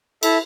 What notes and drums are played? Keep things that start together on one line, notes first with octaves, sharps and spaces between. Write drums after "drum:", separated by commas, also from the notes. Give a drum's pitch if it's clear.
E4 A4 E5, drum: cymbal